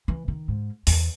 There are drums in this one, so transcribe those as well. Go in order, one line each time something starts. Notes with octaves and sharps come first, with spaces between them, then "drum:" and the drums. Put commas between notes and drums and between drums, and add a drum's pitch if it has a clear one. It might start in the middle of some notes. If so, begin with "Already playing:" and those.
E3
D#3
G#2
E2, drum: open hi-hat